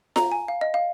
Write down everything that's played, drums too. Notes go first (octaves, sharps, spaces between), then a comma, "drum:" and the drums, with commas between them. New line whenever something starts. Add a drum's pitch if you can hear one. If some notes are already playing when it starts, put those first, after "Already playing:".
A#5, drum: snare F4
G#5
F5
D#5
F5